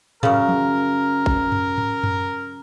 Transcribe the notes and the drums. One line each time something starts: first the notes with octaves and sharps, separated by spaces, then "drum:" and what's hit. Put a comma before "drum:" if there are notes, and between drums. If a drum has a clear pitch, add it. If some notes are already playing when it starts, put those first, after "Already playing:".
F#2 C#3 A#4, drum: tom G#2
drum: tom
drum: kick
drum: tom F#2
drum: tom G#2
drum: tom F#2